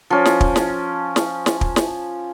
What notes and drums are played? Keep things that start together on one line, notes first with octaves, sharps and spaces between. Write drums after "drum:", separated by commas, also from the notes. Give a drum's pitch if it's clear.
F3 C#4
drum: snare
drum: kick
drum: snare
drum: snare
drum: snare
drum: kick
drum: snare